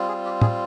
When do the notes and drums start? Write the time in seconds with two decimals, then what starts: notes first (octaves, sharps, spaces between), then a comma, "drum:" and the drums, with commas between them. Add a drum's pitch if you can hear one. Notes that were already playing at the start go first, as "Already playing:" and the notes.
Already playing: G3 C4 F4
0.08 G#4
0.25 G4
0.41 G#4, drum: tom A2